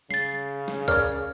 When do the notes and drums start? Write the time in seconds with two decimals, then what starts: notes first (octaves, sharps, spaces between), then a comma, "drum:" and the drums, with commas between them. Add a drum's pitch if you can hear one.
0.11 C#3 A6 C7, drum: tom
0.68 drum: snare
0.88 A#4 C#5 D5 F6, drum: kick C#2